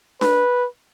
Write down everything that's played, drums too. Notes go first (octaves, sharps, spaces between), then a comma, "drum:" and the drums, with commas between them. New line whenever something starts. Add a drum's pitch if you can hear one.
B4, drum: snare D4